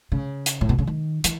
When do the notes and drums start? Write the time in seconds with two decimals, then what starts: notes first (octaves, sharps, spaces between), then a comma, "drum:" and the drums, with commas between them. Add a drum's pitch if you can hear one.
0.12 C#3
0.46 drum: hi-hat
0.61 A2
0.69 B2
0.78 C#3
0.87 D#3
1.24 E3, drum: hi-hat